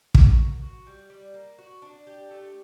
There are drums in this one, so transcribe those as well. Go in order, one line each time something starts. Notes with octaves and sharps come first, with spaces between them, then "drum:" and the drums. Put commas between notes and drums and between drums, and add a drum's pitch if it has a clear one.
F#4, drum: kick
A#3
F#4
G3
G3
A#3
F#4
D4
G4
A3